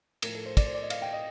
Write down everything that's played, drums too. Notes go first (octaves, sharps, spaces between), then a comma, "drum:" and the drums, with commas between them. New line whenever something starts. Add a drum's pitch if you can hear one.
A2 F3 A#4, drum: cymbal
A4
C5
D5, drum: kick, cymbal
C5
D5
D#5
F5, drum: cymbal
G5
D#5